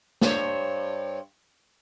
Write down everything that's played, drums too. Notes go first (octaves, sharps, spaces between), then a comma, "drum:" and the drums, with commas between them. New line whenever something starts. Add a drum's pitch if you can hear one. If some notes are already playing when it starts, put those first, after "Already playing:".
G2 C5 C#5, drum: snare